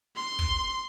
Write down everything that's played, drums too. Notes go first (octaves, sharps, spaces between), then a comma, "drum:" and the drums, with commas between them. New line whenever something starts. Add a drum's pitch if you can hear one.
C6
drum: kick